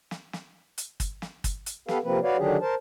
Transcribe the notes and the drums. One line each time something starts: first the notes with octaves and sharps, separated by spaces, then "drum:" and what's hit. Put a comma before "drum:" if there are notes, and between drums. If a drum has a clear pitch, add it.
drum: snare
drum: snare
drum: hi-hat
drum: kick, hi-hat
drum: snare
drum: kick, hi-hat
drum: hi-hat
B3 G4 A4 B4 F5, drum: snare
C3 F3 A#3 C4 B4
F#4 B4 C#5 D5 F5
D3 D#3 F#3 D4 G4 G#4
A#4 C5 A5